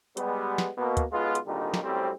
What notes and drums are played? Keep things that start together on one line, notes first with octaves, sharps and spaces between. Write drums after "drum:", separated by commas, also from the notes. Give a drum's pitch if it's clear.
G3 G#3 B3, drum: hi-hat
drum: snare
B2 A#3
drum: kick, hi-hat
B1 G#3 B3 F4
drum: hi-hat
G#1 A#2 D3 D#3 G3 D#4
drum: snare
F#2 A2 G3 C4